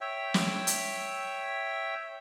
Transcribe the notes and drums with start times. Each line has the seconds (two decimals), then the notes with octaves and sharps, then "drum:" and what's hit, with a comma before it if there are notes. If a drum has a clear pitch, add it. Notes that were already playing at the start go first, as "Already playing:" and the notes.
0.01 C#5 E5 G5
0.34 drum: snare
0.67 drum: hi-hat